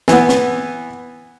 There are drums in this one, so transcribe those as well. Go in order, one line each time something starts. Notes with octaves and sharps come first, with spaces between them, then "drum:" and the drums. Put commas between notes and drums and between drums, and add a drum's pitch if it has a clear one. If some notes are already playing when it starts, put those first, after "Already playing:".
E3 B3, drum: snare
drum: snare